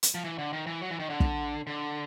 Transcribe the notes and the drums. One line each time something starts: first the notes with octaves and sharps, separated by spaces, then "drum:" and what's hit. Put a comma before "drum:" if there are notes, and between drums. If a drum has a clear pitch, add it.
drum: hi-hat
F3
E3
D3
D#3
E3
F#3
E3
D#3
D3
drum: kick
D3